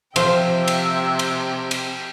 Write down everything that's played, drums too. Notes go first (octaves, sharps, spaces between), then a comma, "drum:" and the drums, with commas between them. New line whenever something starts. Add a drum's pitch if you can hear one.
C3 F3 C5 E5 G5, drum: cymbal
drum: cymbal
drum: cymbal
drum: cymbal